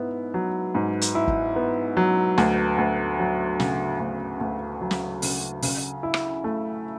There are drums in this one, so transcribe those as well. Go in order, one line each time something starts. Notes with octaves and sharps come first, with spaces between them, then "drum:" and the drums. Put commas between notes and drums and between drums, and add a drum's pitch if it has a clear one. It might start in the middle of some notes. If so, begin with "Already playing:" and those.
Already playing: G#2 B3 E4
F#3
G#2
drum: hi-hat
E4
drum: kick
B3
F#3
D2, drum: snare
D2
F#3
C#3, drum: snare
D2
D2
F#3
drum: snare
C#3, drum: open hi-hat
C#3, drum: open hi-hat
E4
drum: rim click
A3